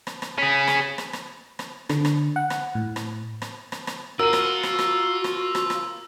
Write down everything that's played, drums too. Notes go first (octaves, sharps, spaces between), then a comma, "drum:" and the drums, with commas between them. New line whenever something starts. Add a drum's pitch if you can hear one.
drum: rim click
drum: rim click
C#4 G#4 B5
drum: rim click
drum: rim click
drum: rim click
drum: rim click
D3, drum: rim click
drum: rim click
F#5
drum: rim click
A2
drum: rim click
drum: rim click
drum: rim click
drum: rim click
F4 F#4 A#4 E6 D#7
drum: rim click
drum: rim click
drum: rim click
drum: rim click
drum: rim click
drum: rim click